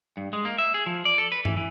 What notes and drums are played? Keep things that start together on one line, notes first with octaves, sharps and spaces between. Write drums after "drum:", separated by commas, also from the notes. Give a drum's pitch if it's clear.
G2
G#3
A#3
E5
G#4
F3
D5
A4
B4
E3, drum: tom G2
E3